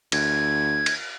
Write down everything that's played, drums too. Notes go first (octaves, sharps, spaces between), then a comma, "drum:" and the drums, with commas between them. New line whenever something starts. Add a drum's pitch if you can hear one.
D2 G#6, drum: cymbal
drum: cymbal